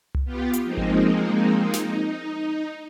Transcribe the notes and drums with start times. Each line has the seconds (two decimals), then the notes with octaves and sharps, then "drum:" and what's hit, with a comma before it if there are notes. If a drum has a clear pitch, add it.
0.15 drum: tom C2
0.25 B3 F4 G4
0.53 drum: hi-hat
0.64 F3 G#3 A#3 C4 D#4
0.77 drum: kick G#1
1.73 D#4, drum: snare